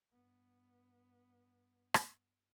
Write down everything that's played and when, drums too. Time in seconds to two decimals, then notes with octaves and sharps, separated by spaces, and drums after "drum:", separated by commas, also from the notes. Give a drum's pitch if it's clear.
0.11 G2 B3
1.94 drum: rim click